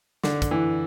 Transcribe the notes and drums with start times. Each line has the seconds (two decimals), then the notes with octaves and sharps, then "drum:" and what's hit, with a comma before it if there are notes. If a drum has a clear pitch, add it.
0.24 D3, drum: snare
0.42 drum: kick, hi-hat
0.51 E3